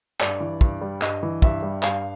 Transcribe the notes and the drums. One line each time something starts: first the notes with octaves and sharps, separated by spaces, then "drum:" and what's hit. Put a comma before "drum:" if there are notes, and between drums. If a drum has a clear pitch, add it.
G2 D5, drum: clap
E3
G2, drum: kick
G3
G2 D#5, drum: clap
E3
G2 E5, drum: kick
G3
G2 F5, drum: clap